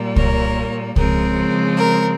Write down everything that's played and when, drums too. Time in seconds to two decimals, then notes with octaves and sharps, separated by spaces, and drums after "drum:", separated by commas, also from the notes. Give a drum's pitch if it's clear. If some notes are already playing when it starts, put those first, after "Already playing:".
Already playing: A#2 G3 A#3
0.16 A#4 C#5, drum: kick C2
0.96 C#3 F3 G#3 C4 A#4, drum: kick C2
1.77 A#4